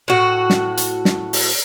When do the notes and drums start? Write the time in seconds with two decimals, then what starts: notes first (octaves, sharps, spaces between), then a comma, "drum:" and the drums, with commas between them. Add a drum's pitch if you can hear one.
0.08 A2 F#4
0.50 drum: snare
0.77 drum: hi-hat
1.05 drum: snare
1.33 drum: open hi-hat